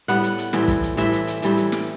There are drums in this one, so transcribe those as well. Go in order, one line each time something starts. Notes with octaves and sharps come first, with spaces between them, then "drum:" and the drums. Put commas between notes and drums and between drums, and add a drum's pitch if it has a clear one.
A2 G3 B3 F#5, drum: hi-hat
drum: hi-hat
drum: hi-hat
A2 E3 G3 C4, drum: snare
drum: kick, hi-hat
drum: hi-hat
A2 E3 G3 C4 E5, drum: hi-hat
drum: hi-hat
drum: hi-hat
A2 E3 G3 C4, drum: hi-hat
drum: hi-hat
drum: snare